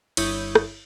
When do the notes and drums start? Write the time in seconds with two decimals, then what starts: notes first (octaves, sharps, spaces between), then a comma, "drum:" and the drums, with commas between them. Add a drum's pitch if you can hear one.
0.17 G1 E4 C#5 D#6 G6, drum: cymbal
0.55 drum: rim click